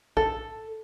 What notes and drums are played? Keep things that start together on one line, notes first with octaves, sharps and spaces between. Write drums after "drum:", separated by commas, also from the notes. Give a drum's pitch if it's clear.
A4, drum: kick